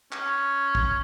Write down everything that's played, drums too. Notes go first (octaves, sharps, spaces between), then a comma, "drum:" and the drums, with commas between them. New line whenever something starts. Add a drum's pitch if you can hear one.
C#4, drum: clap
drum: kick